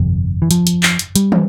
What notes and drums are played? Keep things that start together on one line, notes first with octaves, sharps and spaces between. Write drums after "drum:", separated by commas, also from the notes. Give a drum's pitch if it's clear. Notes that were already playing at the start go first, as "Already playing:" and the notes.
Already playing: G1 F2 C3
E3
F3, drum: hi-hat
drum: hi-hat
drum: clap
drum: hi-hat
G3, drum: hi-hat
drum: tom